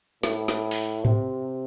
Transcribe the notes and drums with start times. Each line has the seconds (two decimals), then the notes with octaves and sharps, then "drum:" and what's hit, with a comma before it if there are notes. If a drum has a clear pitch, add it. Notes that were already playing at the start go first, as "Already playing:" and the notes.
0.23 A2, drum: snare
0.48 drum: snare
0.71 drum: open hi-hat
1.05 C3, drum: tom G#2